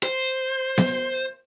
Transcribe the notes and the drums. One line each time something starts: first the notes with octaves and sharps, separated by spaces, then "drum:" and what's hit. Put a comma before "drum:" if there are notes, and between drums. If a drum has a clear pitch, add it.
C5
drum: snare B3